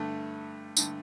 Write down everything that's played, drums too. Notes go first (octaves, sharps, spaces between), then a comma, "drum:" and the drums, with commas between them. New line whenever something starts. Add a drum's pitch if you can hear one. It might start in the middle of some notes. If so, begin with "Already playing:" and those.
Already playing: G2 D3 A3
G2 D3 A3, drum: tambourine